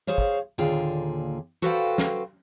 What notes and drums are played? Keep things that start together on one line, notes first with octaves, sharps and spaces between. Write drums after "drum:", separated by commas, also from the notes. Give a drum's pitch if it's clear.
G#4 C5 C#5 F5
drum: kick
D#2 A#2 D3 F4 G#4 G5
F#4 A4 B4 C5 F5 G5
drum: snare